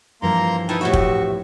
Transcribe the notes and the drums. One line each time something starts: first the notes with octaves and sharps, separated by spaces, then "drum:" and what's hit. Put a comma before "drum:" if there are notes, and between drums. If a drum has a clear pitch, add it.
G2 E3 F3 A#3 A#5 C6
D#4 E4 B4 G5 A5
A2 C4 F#4 G4 E5 C#6
drum: kick